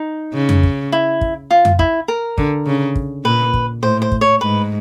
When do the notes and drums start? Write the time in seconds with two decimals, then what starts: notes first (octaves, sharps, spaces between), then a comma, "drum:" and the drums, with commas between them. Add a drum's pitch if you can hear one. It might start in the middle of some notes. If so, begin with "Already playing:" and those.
Already playing: D#4
0.34 C#3
0.49 drum: tom F2
0.63 drum: kick
0.92 E4
1.21 drum: kick
1.51 F4
1.65 drum: tom F2
1.79 E4, drum: kick
2.08 A#4
2.38 D3, drum: kick
2.66 C#3
2.96 drum: kick
3.25 A#2 B4
3.54 drum: kick
3.83 A2 C5
4.02 C5
4.12 drum: kick
4.21 C#5
4.41 G#2 B4